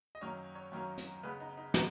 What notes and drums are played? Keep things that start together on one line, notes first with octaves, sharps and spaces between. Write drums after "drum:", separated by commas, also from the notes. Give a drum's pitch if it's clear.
D#5
F#2 D#3 F#3 A#3 C#4 C#5
C#5
F#2 D#3 F#3 A#3 C#4
drum: hi-hat
C#3 G#3 B3 B4
D#4
D#4
G#3 B3 D#4, drum: snare